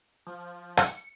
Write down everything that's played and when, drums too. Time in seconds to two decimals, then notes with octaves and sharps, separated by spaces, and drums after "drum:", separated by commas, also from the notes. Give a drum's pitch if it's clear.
0.27 F3
0.77 C#7, drum: rim click